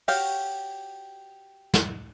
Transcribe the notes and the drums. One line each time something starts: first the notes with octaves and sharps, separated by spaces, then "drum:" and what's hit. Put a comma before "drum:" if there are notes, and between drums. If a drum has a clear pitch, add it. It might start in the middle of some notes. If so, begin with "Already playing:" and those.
F#4 G4 C#5 F5 G5, drum: open hi-hat
drum: snare